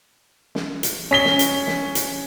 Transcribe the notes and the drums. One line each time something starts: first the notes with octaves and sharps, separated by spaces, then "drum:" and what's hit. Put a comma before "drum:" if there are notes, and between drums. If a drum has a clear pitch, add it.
drum: snare
drum: hi-hat
C#4 B6 G7
drum: snare
drum: hi-hat
drum: snare
drum: hi-hat